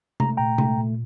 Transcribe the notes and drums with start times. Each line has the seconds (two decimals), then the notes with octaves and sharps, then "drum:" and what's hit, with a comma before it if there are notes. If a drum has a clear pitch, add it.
0.20 A3 A#5, drum: tom C3
0.37 A#2 G5 A#5
0.58 A3, drum: tom C3
0.77 A#2